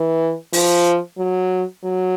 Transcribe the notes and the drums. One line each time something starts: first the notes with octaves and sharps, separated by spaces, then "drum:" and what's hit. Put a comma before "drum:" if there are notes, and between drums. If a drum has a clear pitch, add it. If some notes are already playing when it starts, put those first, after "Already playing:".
Already playing: E3
F3, drum: open hi-hat
F#3
F#3